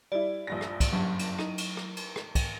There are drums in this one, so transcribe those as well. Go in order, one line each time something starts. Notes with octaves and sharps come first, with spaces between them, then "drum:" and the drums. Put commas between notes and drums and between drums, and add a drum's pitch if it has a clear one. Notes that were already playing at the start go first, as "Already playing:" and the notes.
G3 E4 D5
A#1 G2 A#6
drum: rim click
drum: kick, cymbal
F#1 G2 F#3
drum: cymbal
D#4 D#7, drum: rim click
drum: cymbal
drum: rim click
drum: cymbal
drum: rim click
drum: kick, cymbal